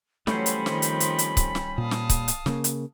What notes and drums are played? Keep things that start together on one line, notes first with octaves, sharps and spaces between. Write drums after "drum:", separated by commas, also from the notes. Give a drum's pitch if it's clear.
E3 F#3 G3 A3 C#4 C5 B5, drum: snare
drum: hi-hat
D#3 F3 C4, drum: snare
drum: hi-hat
drum: hi-hat
drum: hi-hat
drum: kick C#1, hi-hat
drum: snare
A#2 F5 A5 D#6
drum: snare
drum: kick C#1, hi-hat
drum: hi-hat
C#3 A#3, drum: snare
drum: hi-hat